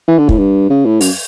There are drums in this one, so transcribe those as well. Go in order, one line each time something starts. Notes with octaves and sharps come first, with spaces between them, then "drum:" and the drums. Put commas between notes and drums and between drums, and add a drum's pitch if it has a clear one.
E3
D3
A2, drum: kick
G2
C#3
A2
F#2, drum: open hi-hat